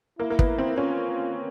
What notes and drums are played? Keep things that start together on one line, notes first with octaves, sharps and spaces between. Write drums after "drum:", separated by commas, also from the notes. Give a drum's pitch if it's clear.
A#3 E4
A#3
B3, drum: kick
C4
C#4 F4